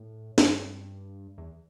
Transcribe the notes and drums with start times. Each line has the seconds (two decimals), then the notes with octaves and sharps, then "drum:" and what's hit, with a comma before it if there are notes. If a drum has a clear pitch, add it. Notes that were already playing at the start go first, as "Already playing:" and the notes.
Already playing: A2
0.38 G2, drum: snare
1.38 E2